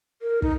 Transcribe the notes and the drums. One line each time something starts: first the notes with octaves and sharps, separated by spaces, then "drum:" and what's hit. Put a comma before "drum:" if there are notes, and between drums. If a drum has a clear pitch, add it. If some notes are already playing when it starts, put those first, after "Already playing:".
A#4
D#4, drum: kick